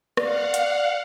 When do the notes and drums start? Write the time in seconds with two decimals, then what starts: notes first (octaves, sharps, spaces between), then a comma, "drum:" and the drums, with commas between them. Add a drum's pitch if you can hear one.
0.17 D5 F5 F#5, drum: rim click
0.54 drum: hi-hat